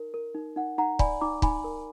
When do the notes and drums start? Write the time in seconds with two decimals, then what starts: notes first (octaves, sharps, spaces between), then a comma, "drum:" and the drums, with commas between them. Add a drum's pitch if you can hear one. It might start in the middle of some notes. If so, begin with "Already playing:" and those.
Already playing: D#4 A#4
0.14 A#4
0.35 D#4
0.56 D#4 F#5
0.78 D#4 F#5 A#5
0.99 D5 G#5 B5, drum: kick
1.21 D#4 A#5 D6
1.42 D#4 G#5 B5, drum: kick
1.64 A#4